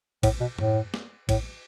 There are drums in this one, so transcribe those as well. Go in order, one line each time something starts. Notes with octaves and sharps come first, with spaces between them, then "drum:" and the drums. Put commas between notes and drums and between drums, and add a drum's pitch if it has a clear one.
A2, drum: kick, cymbal
B2
A2, drum: tom F#2
drum: snare
A2, drum: kick, cymbal